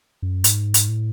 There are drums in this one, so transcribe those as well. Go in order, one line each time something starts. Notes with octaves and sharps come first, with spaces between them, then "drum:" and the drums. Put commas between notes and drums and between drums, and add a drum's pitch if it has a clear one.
F#2
G#2, drum: hi-hat
drum: hi-hat
A2